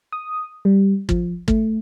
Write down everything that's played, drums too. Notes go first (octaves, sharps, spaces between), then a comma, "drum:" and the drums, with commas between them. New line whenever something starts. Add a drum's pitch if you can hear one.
D#6
G3
F3, drum: kick
A3, drum: kick